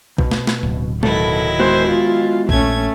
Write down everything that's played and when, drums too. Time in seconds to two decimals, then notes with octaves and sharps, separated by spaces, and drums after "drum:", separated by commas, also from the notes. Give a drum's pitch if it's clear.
0.18 B2, drum: kick
0.31 drum: snare
0.47 drum: snare
0.63 D1
1.03 B2 D#3 F#3 E4 A4, drum: tom G#3
1.60 G#3 B3 F#4 C5
1.89 F4
2.49 A#1 A3 C#4 G#6, drum: kick